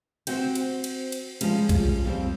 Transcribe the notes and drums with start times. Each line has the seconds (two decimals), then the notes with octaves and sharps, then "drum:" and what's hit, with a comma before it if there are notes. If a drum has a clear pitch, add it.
0.27 C4 F#4 C5 G5, drum: cymbal
0.55 drum: cymbal
0.84 drum: cymbal
1.12 drum: cymbal
1.41 F3 G3 G#3 C#4, drum: cymbal
1.69 drum: kick B1, cymbal
2.05 F2 G3 C4